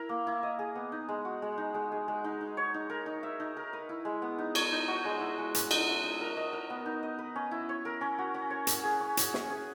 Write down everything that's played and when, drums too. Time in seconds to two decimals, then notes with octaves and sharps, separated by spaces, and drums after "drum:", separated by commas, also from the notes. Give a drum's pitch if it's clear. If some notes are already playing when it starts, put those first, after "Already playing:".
Already playing: E4 A#4
0.09 A#3
0.27 E4
0.43 D#5
0.59 G#4
0.75 B3
0.92 D#4
1.09 G#3
1.25 F#4
1.42 G#3
1.58 D#4
1.74 G#3
1.92 G#4
2.08 G#3
2.24 D#4
2.41 D#4
2.57 C#5
2.74 D#4
2.90 A#4
3.06 D#4
3.23 E5
3.40 D#4
3.57 A#4
3.73 B4
3.89 E4
4.05 G#3
4.22 B3
4.38 D#4
4.55 C#5, drum: cymbal
4.72 D#4
4.88 F#4
5.05 G#3
5.20 E4
5.38 G#3
5.54 C#4, drum: hi-hat
5.71 D#4, drum: cymbal
5.88 E5
6.04 D#4
6.21 A#4
6.37 D#5
6.53 A#4
6.70 B3
6.86 D#4
7.03 D#5
7.18 B4
7.36 C#4
7.51 E4
7.69 C#5
7.85 A#4
8.01 C#4
8.18 F#4
8.34 C#4
8.50 C#5
8.67 C#4, drum: hi-hat
8.84 G#4
9.00 C#4
9.17 C#5, drum: hi-hat
9.34 C#4, drum: snare
9.50 G#4